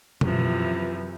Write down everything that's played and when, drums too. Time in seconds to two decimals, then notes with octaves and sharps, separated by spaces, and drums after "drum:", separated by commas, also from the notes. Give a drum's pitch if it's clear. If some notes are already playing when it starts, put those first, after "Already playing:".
0.21 F#2 C3 E3 F3, drum: tom B2